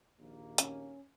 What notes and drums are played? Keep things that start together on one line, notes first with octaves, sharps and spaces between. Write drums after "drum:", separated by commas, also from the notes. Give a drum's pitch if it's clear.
A#1 D#2 A#3
C#4, drum: hi-hat